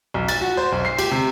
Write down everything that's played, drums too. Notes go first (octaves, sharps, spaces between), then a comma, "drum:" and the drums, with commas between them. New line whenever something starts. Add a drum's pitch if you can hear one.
B1
A6, drum: cymbal
F#4
C5
B1
C7
G4, drum: cymbal
C3